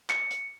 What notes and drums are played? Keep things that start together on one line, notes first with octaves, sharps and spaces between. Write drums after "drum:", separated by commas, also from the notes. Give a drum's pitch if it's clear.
C#7, drum: clap
drum: hi-hat